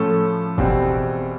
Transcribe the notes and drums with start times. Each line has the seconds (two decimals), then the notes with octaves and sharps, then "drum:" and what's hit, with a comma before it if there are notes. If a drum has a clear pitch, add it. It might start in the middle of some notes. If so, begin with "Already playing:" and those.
Already playing: A2 F3 A3 C#4 A4
0.58 E2 B2 G3 C4, drum: kick F#1